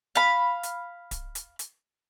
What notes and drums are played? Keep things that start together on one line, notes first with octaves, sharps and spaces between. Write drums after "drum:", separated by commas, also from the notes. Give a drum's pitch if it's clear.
F5 B5
drum: hi-hat
drum: kick D1, hi-hat
drum: hi-hat
drum: hi-hat